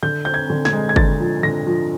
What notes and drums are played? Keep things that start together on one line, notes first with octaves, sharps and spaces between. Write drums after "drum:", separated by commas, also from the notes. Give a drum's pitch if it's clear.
D3 G6
C4 G6
G#6
D3
G#6, drum: snare
G#3
G#6
D3 A6, drum: kick
F3
D3 A#6
F3